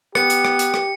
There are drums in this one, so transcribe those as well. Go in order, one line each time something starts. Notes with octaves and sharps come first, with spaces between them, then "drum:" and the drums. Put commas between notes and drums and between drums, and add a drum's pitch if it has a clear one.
B3 G4 C#7, drum: rim click
drum: hi-hat
drum: rim click
drum: hi-hat
drum: rim click